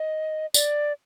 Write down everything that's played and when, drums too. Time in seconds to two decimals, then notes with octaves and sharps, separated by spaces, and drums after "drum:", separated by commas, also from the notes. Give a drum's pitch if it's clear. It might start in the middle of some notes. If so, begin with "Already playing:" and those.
Already playing: D#5
0.54 D5, drum: tambourine